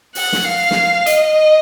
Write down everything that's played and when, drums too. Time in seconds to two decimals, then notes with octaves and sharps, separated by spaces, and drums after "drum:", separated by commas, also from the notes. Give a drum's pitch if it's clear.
0.15 F#5, drum: open hi-hat
0.33 drum: snare
0.44 F5
0.71 drum: snare
1.06 D#5, drum: hi-hat